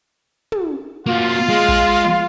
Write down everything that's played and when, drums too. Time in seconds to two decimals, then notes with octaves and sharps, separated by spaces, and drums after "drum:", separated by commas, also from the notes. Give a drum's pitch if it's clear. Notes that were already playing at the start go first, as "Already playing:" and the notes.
0.52 drum: tom
1.06 A#3 F4 F#4
1.49 G#3
1.68 drum: kick